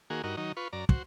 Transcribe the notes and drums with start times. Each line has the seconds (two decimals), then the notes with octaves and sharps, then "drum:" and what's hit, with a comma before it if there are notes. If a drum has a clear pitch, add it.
0.10 D#3 A#3 F#4 G#4
0.24 G2 D#4 F#4 A#4
0.37 D#3 F#3 D#4
0.57 F4 B4 C#6
0.73 F#2 D5 A#5
0.89 F#4 C5, drum: kick